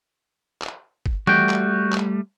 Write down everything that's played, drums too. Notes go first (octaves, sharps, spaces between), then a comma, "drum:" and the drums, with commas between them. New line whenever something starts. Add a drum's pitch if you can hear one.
drum: clap
drum: kick
G3 A3 F#4 G5, drum: tom E3
drum: clap
drum: clap